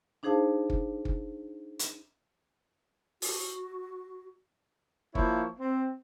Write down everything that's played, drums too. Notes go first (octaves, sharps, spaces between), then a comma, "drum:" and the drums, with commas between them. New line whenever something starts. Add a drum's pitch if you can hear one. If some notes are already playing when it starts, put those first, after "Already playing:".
D4 D#4 G#4 C5 F5 A5
drum: kick
drum: kick
drum: hi-hat
F#4, drum: open hi-hat
F3 A#3 E4 C#5, drum: kick
C4